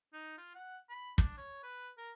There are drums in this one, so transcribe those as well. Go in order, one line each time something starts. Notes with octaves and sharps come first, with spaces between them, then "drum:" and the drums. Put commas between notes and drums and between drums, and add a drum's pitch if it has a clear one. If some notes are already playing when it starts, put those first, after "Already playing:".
D#4
F4
F#5
B5
D4, drum: kick
C#5
B4
A#4